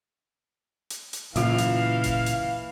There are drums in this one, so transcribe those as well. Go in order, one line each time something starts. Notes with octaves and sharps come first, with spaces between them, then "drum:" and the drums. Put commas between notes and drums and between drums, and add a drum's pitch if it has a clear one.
drum: hi-hat
drum: hi-hat
A#2 C#3 E3 F#3 F4 F5, drum: hi-hat
drum: hi-hat
drum: kick F#1, hi-hat
drum: hi-hat